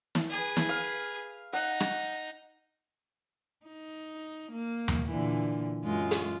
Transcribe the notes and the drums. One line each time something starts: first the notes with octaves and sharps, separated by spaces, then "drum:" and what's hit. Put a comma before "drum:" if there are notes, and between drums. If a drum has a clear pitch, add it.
drum: snare
G#4 B4
drum: snare
F5
D#4 F#5
drum: rim click
D#4
A#3
drum: tom D#2
A#2 D3 E3
F#2 G#3 F4
drum: hi-hat